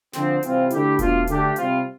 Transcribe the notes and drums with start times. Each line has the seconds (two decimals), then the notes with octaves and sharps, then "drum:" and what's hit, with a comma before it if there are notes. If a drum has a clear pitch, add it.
0.13 D3 F3 C4, drum: snare
0.43 C3 E3 G3 C4 F4, drum: hi-hat
0.70 D3 A3 E4 G4, drum: hi-hat
0.99 B2 A3 D4 F4, drum: kick E1, hi-hat
1.27 D3 A3 D4 G4, drum: hi-hat
1.56 C3 G3 C4 F4, drum: hi-hat